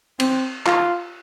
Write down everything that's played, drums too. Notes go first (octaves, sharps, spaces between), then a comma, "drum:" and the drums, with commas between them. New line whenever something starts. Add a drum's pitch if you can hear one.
C4, drum: cymbal
F4, drum: clap